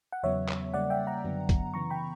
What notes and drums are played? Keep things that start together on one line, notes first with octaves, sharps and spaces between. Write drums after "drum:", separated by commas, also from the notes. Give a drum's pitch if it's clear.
F#5
E2 C#3 F#3 B3 C#5 E5
drum: clap
C#3 G3 A#3 D5 F#5
E5 G5
F#5 A#5
F#2 D3 F#3 B3
drum: kick, hi-hat
C#3 E3 B3 A#5 C#6
G5 B5